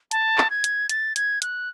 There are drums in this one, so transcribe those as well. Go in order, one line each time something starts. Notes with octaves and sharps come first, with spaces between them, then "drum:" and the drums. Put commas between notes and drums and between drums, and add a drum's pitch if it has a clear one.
A5, drum: hi-hat
drum: clap
G#6
drum: hi-hat
A6, drum: hi-hat
G#6, drum: hi-hat
F#6, drum: hi-hat